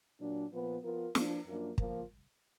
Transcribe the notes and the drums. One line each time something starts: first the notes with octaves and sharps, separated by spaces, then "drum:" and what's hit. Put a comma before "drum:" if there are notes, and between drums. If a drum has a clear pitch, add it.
A#2 F#3 D4
A#2 F3 B3
F3 B3 F4 A#4
F3 A#3 D4, drum: snare
F#2 F3 A#3 D4 F4
F3 A#3 F4 A#4, drum: kick